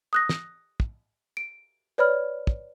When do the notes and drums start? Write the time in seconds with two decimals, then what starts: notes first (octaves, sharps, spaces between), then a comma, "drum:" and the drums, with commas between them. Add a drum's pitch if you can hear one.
0.13 D#6 F#6 A#6
0.29 drum: snare
0.80 drum: kick
1.37 D7
1.98 B4 C#5 D5 B5 F6
2.47 drum: kick